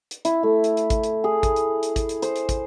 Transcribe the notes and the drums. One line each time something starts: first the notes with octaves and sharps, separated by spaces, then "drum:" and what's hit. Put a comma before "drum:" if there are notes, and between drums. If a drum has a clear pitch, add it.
drum: hi-hat
E4, drum: hi-hat
A3
drum: hi-hat
drum: hi-hat
drum: kick, hi-hat
drum: hi-hat
G#4
drum: kick, hi-hat
drum: hi-hat
drum: hi-hat
drum: kick, hi-hat
drum: hi-hat
C5, drum: hi-hat
drum: hi-hat
drum: kick, hi-hat